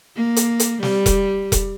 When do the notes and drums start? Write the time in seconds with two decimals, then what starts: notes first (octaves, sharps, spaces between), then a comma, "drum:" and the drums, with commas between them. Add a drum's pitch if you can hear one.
0.16 A#3
0.36 drum: hi-hat
0.60 drum: hi-hat
0.83 G3, drum: snare
1.06 drum: kick E1, hi-hat
1.52 drum: kick E1, hi-hat